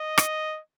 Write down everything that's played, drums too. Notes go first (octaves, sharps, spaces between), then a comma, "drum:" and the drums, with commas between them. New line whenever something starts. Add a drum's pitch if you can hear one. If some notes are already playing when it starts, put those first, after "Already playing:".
Already playing: D#5
drum: rim click